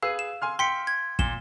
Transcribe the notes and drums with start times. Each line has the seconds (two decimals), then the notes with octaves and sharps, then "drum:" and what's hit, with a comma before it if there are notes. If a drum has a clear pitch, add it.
0.03 G#4 B4 F5 E6
0.19 E7
0.42 G#5 C6 F6
0.59 G5 C6 B6 C#7
0.87 G#6
1.19 A#2 E7 G7, drum: kick